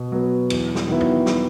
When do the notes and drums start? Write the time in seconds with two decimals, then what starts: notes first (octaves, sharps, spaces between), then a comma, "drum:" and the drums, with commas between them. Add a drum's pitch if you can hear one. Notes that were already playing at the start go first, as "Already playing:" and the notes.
Already playing: B2
0.12 F#3 B3
0.50 E2, drum: cymbal
0.75 drum: snare
0.88 D#3 F#3 B3 E4
1.01 drum: tom E2
1.26 drum: snare